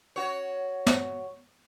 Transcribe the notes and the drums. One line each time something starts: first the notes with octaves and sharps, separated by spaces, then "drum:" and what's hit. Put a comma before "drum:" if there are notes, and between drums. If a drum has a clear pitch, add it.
F#4 C#5
drum: snare